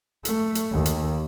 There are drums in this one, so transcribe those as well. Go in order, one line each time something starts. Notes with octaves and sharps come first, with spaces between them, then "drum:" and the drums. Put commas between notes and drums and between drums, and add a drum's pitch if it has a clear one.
A3, drum: hi-hat
drum: hi-hat
D#2
drum: hi-hat